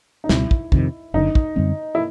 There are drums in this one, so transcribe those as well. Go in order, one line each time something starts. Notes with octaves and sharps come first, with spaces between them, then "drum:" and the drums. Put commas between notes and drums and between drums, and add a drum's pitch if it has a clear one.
D#4
C#2 B2 G3 C4 E4, drum: snare
drum: kick
F2 C3 D#3, drum: kick
F#1 F#2 D3 D#4
drum: kick
F#2 D3 G3 C4
E4